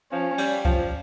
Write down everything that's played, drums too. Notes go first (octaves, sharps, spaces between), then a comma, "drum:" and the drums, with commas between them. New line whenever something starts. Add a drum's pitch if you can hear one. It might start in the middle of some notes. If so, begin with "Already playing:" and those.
F3 C#4
G3, drum: cymbal
F3, drum: kick C2